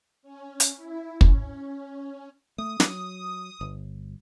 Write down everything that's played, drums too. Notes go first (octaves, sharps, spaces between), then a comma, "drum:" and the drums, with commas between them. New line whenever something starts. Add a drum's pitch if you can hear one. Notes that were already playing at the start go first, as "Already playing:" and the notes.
C#4
drum: hi-hat
E4
C#4, drum: kick
A3 D#6
F#3, drum: snare
G1